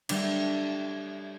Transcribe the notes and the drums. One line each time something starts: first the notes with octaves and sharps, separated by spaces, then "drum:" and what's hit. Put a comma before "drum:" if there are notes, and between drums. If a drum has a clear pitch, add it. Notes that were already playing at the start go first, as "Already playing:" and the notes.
G3 A3 D4, drum: cymbal